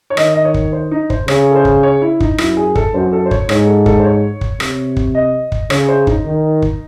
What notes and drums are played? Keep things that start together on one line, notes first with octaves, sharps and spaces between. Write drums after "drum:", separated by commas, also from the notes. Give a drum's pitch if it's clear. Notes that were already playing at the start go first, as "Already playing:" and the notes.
C#5
D#3 D#5, drum: rim click
D#5
C#5
drum: kick
C5
D#4
C5, drum: kick
C#3 C#5, drum: rim click
A4
C5
drum: kick
C#5
E4
D#4, drum: kick
F#2 E4, drum: rim click
G#4
A4, drum: kick
F#2 C5
A4
C5
C#5, drum: kick
G#2 C#5, drum: rim click
A4
A4, drum: kick
C5
C#5
drum: kick
C3, drum: rim click
drum: kick
D#5
drum: kick
C#3 C#5, drum: rim click
C5
D#4, drum: kick
D#3
drum: kick